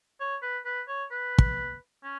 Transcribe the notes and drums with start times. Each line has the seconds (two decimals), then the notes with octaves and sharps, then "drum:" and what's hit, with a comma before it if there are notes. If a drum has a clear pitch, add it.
0.20 C#5
0.42 B4
0.65 B4
0.88 C#5
1.11 B4
1.38 drum: kick
2.04 C#4